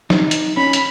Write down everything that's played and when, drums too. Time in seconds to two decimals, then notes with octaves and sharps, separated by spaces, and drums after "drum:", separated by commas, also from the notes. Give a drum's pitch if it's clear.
0.10 D#4, drum: snare
0.31 drum: hi-hat
0.57 C#4 B5
0.73 drum: hi-hat